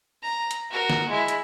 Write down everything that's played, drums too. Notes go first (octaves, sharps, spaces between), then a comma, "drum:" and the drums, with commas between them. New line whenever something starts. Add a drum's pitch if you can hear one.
A#5
drum: hi-hat
F#4 A#4
drum: snare
G#3 E4
drum: hi-hat